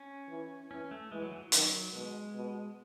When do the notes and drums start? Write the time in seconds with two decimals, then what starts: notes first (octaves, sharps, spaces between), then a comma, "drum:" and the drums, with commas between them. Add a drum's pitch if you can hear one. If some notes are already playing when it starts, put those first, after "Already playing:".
Already playing: C#4
0.29 E3
0.71 E3 C#4
0.91 A3
1.12 E3 G#3
1.22 F#3
1.32 E3
1.42 F#3
1.52 D#3, drum: hi-hat
1.93 B2 G#3
2.35 B2